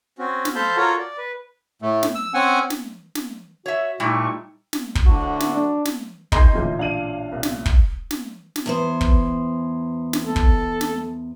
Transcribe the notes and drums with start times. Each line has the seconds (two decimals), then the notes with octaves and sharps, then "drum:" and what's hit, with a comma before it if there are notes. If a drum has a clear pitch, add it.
0.19 C4 C#4 F#4
0.45 drum: snare
0.55 A4 C5 F5 A5 B5 G6
0.77 F4 F#4 A4 A#4 C#5 A#5
0.98 D5
1.18 B4
1.82 A2 A3
2.03 drum: snare
2.15 E6
2.34 C4 C#4 F#5 G#5
2.70 drum: snare
3.15 drum: snare
3.66 F#4 C#5 E5
4.00 A#2 G3 A3 D#4 E4 C#6
4.73 drum: snare
4.95 drum: kick
5.06 D2 A2 D3 F#4
5.40 drum: snare
5.53 D4
5.85 drum: snare
6.32 D#3 D#5 G#5 A#5 C6 G6 G#6 C7, drum: kick
6.53 A1 D2 A#2
6.79 D4 F5 D#7 F#7
7.32 C2
7.43 drum: snare
7.66 drum: kick
8.11 drum: snare
8.56 drum: snare
8.66 E2 B3 C5
9.01 drum: kick
10.13 drum: snare
10.24 A4
10.36 drum: kick
10.81 drum: snare